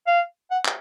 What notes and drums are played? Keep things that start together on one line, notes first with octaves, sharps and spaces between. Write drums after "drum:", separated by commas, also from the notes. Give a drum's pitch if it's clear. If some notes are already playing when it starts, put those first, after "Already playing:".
F5
F#5
drum: clap